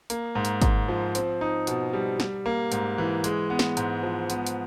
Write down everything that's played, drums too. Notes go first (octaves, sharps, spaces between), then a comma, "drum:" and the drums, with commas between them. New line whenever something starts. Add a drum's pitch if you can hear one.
A#3, drum: hi-hat
G#2
drum: hi-hat
G#2, drum: kick, hi-hat
F3
C4, drum: hi-hat
D#4
B2, drum: hi-hat
G3
G3, drum: snare
A#3
G#2, drum: hi-hat
E3
G#3, drum: hi-hat
B3
drum: snare
G#2, drum: hi-hat
F3
B3, drum: hi-hat
drum: hi-hat